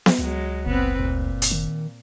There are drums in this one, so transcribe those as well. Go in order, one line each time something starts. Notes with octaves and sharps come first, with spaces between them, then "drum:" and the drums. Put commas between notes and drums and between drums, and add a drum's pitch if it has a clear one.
drum: snare B3
C#2 F#3 G#3
F#1 B3 C4 B4
D2 A#2
drum: hi-hat
D#3